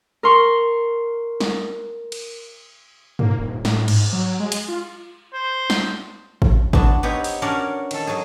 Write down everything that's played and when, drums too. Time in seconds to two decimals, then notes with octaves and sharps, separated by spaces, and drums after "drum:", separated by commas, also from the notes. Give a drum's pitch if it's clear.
0.23 A#4 C6 C#6
1.40 drum: snare
2.12 drum: cymbal
3.19 A#3, drum: tom G2
3.39 D#1
3.65 A2, drum: snare
3.88 G#2, drum: cymbal
4.13 F#3
4.40 G#3
4.52 drum: hi-hat
4.68 F4
5.34 C5
5.70 drum: snare
6.42 drum: kick
6.73 B3 D4 F#4, drum: kick
7.03 B3 C4 D#4 G4 B4 C#5
7.24 drum: open hi-hat
7.42 C#4 D4 F#4 A#4 C#5 D5
7.91 D#3 A4, drum: cymbal
8.07 F#3 F#4 G#4